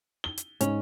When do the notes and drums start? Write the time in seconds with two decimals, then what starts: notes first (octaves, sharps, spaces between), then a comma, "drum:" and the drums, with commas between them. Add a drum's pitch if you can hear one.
0.24 G7
0.38 drum: hi-hat
0.61 G#2 C#4, drum: hi-hat